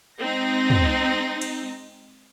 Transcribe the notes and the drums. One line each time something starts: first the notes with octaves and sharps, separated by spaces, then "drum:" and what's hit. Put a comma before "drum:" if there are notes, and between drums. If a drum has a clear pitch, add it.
G#3 C4 D#4 A#6
drum: tom
drum: cymbal